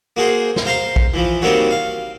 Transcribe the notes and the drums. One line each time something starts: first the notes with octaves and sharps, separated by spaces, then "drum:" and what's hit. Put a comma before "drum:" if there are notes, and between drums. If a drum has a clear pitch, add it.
A#3 F#4 G#4 C5
drum: snare
C5 F5 A#5 C6
drum: kick A#1
E3 F3
D#3 G3 A#3 C4 F#4 C#5
F5